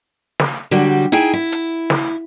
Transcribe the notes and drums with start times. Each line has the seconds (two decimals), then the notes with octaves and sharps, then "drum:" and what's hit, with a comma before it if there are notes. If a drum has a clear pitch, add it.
0.40 drum: snare
0.71 D3 F#3 G3 F#4 G4
1.12 D#4 E4 G#4 G5, drum: hi-hat
1.33 E4
1.52 drum: hi-hat
1.90 drum: snare